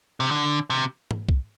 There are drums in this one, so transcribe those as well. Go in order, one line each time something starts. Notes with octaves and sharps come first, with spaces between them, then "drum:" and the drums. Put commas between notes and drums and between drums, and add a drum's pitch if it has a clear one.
C3
D3
C3
drum: tom G#2
drum: kick